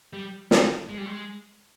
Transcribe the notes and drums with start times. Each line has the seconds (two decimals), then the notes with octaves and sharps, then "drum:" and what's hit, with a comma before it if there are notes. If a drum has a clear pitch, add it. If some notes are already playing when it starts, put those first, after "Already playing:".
0.13 G3
0.51 D#3, drum: snare
0.89 G#3
0.97 G3
1.06 G#3